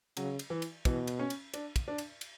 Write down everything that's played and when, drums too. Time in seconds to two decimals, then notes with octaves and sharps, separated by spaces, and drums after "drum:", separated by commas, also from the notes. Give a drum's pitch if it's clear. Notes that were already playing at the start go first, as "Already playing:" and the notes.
0.17 C#3 F#3, drum: cymbal
0.39 drum: cymbal
0.50 E3
0.62 drum: cymbal
0.85 B2 E3, drum: kick, cymbal
1.08 drum: cymbal
1.19 C#4
1.30 drum: cymbal
1.54 D4, drum: cymbal
1.76 drum: kick, cymbal
1.88 D4
1.98 drum: cymbal
2.21 drum: cymbal